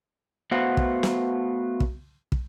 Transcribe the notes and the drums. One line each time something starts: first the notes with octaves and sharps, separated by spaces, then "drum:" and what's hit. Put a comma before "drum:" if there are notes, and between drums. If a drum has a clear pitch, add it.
A3 B3 F#4 C5 F5 F#5
drum: kick
drum: snare
drum: kick
drum: kick